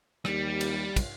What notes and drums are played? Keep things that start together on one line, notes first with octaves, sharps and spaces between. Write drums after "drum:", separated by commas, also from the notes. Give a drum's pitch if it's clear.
D#2 G3, drum: rim click
drum: cymbal
drum: kick, cymbal